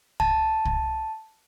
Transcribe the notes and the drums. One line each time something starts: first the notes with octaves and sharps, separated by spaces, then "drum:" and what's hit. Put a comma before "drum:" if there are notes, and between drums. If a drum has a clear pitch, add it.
A5, drum: kick
drum: kick